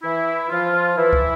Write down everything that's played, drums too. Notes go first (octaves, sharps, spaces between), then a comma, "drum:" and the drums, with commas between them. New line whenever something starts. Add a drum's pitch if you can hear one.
E3 E4
F3 F4
E3 E4
drum: kick